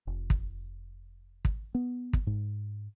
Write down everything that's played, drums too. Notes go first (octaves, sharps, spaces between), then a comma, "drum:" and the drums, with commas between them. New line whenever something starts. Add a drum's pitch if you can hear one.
F1
drum: kick
drum: kick
B3
drum: kick
G#2